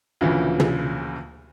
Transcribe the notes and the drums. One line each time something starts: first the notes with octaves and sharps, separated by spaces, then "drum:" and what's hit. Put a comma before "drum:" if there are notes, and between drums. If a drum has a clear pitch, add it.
D2 A#2 C#3 E3 F3
drum: tom